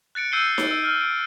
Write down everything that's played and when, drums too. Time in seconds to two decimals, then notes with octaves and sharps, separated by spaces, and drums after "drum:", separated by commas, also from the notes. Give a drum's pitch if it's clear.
0.15 F#6 A6 C#7 D7
0.32 E6 G6 C7 D#7 G7
0.58 drum: snare D#4
0.67 E6
0.84 F6
1.01 D7